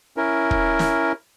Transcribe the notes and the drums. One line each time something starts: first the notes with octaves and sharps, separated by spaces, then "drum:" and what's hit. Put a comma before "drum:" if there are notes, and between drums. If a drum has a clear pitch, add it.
C#4 E4 A#4
drum: kick
drum: snare